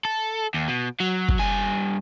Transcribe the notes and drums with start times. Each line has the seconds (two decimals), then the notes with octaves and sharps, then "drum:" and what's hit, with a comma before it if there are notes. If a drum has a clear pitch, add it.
0.05 A4
0.54 D#2
0.68 B2
1.00 F#3
1.29 drum: kick
1.39 G2 G#5